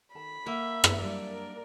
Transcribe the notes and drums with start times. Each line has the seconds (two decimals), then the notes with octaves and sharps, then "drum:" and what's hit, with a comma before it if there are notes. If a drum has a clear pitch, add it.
0.15 D#3 A4 A5 B5
0.46 A#3 E5 F#5
0.84 drum: rim click
1.01 F#3 G3 D4 D5
1.32 A#4